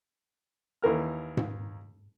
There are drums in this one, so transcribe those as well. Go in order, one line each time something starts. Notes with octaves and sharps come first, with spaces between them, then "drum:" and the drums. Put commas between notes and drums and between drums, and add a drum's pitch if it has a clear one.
D#2 E3 A#4 F6
drum: tom G#2